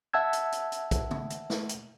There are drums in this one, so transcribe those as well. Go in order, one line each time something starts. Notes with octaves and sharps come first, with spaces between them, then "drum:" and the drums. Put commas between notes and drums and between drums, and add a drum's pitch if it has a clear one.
E5 F#5 A5 E6 G#6
drum: hi-hat
drum: hi-hat
drum: hi-hat
drum: kick, hi-hat
drum: tom
drum: hi-hat
drum: snare
drum: hi-hat